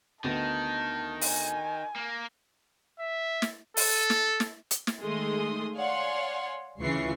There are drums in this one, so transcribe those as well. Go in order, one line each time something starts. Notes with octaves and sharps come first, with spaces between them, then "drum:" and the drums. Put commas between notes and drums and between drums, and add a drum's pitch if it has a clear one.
D2 D#3 B3 A5 A6
G#5, drum: open hi-hat
A#3
E5
drum: snare
A4, drum: open hi-hat
drum: snare
drum: snare
drum: hi-hat
drum: snare
D#3 G#3 A3 G#4 C6 D#6
C#5 D5 F5 F#5 G#5 C6
D2 C#3 E3 F4 C#6 C7